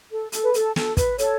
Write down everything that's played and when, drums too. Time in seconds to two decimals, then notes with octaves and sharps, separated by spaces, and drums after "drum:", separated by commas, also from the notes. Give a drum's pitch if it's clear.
0.11 A4
0.32 A4, drum: hi-hat
0.44 B4
0.54 A4, drum: hi-hat
0.76 A4, drum: snare
0.97 B4, drum: kick, hi-hat
1.18 A4 C#5, drum: hi-hat